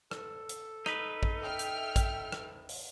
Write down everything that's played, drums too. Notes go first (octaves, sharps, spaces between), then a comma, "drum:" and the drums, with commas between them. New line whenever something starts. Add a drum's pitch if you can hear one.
A4, drum: rim click
drum: hi-hat
D#4 B4, drum: rim click
drum: kick
E5 G5 F6
drum: hi-hat
drum: kick, hi-hat
drum: rim click
drum: open hi-hat